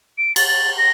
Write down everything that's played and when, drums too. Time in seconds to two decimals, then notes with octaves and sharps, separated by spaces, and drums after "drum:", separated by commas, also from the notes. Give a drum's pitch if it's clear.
0.18 D7
0.36 A6, drum: cymbal
0.47 A6
0.78 A#6